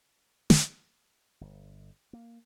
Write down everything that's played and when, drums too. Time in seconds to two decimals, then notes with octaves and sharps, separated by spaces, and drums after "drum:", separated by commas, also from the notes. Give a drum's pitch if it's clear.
0.50 drum: snare
1.41 G1
2.13 A#3